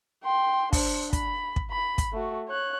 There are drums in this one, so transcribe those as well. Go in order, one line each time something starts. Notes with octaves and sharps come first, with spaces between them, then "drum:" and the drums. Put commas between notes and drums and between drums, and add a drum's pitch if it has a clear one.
G5 C6
D4 C5, drum: kick, open hi-hat
B5, drum: kick, hi-hat
drum: kick
B5
drum: kick, hi-hat
A3 F#4
C#5 F#6